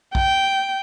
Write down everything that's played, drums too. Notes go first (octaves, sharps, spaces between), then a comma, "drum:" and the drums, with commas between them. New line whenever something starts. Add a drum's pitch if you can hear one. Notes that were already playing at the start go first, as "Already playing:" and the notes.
G5, drum: kick A#1